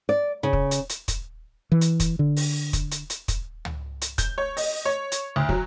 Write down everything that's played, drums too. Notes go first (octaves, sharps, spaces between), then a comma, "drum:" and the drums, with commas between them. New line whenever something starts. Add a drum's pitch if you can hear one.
D5
C#3
drum: kick
drum: hi-hat
drum: hi-hat
drum: kick, hi-hat
E3
drum: hi-hat
drum: kick, hi-hat
D3
drum: open hi-hat
drum: kick, hi-hat
drum: hi-hat
drum: hi-hat
drum: kick, hi-hat
drum: tom C#2
drum: hi-hat
G6, drum: kick, hi-hat
C#5
D#5, drum: open hi-hat
C#5
drum: hi-hat
D2
F#3, drum: kick